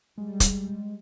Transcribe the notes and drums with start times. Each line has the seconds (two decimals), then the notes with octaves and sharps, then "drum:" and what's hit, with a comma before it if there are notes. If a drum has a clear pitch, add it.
0.18 G3 G#3
0.40 drum: kick, hi-hat